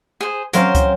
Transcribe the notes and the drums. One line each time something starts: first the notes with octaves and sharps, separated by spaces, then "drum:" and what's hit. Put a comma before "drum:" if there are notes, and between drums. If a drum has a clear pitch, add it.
G#4 C5
F#3 C4 C#4 A#4 C5 F5, drum: hi-hat
drum: kick, hi-hat